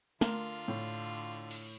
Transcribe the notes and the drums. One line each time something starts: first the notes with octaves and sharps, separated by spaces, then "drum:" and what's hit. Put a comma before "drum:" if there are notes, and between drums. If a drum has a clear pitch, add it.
D3 A3 F4 A#4, drum: snare
A2
drum: cymbal